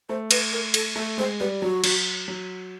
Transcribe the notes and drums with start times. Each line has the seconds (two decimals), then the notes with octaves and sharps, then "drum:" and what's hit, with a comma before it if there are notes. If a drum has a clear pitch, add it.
0.09 A3 C5
0.31 B4, drum: cymbal
0.53 A#4
0.74 A4, drum: cymbal
0.96 A3 A4
1.18 G#3 C5
1.40 G3 B4
1.62 F#3 F#4
1.84 F#3, drum: cymbal
2.28 F#3